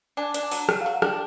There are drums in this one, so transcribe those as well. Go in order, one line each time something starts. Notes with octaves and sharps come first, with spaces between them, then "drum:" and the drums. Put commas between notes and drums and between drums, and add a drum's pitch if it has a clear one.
D4 G#5
D4, drum: hi-hat
G#5
F#3, drum: open hi-hat
F#3 G5, drum: rim click
F5
F#3
F#5
D4 G5, drum: rim click